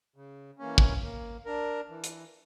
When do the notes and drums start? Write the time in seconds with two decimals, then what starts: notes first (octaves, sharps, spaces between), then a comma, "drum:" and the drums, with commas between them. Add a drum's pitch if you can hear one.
0.16 C#3
0.59 E3 A#3 C#4
0.78 drum: kick
1.03 A#3
1.46 D4 A#4
1.90 E3
2.04 drum: hi-hat